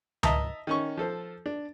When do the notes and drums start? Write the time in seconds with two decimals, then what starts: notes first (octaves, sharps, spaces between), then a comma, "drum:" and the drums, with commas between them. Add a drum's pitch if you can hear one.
0.23 D#5 E5 A5 A#5 D#6, drum: tom C#2
0.67 D#3 C#4 C#6
0.97 F3 A4 C5
1.46 D4